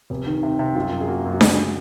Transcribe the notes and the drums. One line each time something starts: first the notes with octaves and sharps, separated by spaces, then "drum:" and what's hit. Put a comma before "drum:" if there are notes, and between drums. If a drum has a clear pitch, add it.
F1
D#3
C3
C3
F#2 F4
F#2
G#4
A#3 F#4
F#2
F#4
C#3 G#4, drum: snare D4